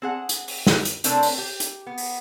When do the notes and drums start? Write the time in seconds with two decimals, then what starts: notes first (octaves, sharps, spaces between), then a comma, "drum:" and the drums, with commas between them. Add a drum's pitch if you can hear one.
0.02 C4 G#4 F#5
0.29 drum: hi-hat
0.48 drum: open hi-hat
0.67 drum: snare
0.85 drum: hi-hat
1.04 C3 A3 C4 D4 A#4, drum: hi-hat
1.23 drum: open hi-hat
1.38 G4
1.60 drum: hi-hat
1.86 B3
1.98 drum: open hi-hat